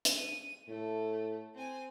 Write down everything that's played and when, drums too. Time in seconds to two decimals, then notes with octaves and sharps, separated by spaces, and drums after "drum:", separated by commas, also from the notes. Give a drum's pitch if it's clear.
0.05 drum: hi-hat
0.16 D#7
0.69 A2 A3
1.54 C4 G#5